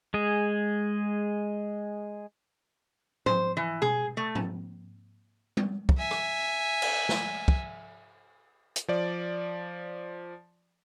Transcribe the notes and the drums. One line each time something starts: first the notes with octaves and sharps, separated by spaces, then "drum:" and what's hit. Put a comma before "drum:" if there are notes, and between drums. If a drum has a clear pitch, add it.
G#3 G#4
C5, drum: tom G#2
E3
G#4, drum: tom B2
A3
drum: tom G#2
drum: tom G3
drum: kick
E5 G#5
drum: rim click
drum: cymbal
drum: snare
drum: kick
drum: hi-hat
F3 D5